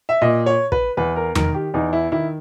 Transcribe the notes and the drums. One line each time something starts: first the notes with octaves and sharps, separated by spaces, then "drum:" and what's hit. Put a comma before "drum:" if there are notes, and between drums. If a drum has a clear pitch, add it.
E5
A#2 D#5
C#5
B4, drum: kick
E2 B4
A#4
D#3 A#4, drum: tom E2
G4
E2 D#4
E4
D#3 E4